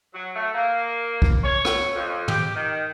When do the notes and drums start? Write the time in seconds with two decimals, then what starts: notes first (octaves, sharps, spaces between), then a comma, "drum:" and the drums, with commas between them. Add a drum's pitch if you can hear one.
0.14 F#3
0.36 A3
0.55 A#3
1.22 drum: kick
1.43 C#5
1.65 drum: rim click
1.95 F2
2.28 G4, drum: tom
2.55 D#3